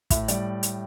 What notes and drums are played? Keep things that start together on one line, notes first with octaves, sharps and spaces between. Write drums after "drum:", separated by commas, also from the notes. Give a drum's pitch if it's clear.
A2 E5, drum: kick, hi-hat
G3 D5, drum: hi-hat
drum: hi-hat